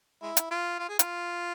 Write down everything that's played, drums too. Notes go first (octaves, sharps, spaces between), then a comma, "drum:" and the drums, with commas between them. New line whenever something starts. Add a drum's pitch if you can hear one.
G#3 E4
drum: hi-hat
F4
F4
G#4
F4, drum: hi-hat